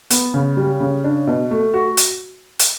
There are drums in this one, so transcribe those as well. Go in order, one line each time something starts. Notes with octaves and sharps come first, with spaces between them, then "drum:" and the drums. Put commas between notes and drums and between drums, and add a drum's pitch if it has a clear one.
B3, drum: hi-hat
C#3
G3
C#3
D4
B2
A3
F#4
drum: hi-hat
drum: hi-hat